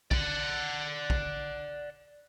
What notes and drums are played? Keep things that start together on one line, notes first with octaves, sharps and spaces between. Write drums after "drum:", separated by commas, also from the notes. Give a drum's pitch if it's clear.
D5 F#5, drum: kick
drum: kick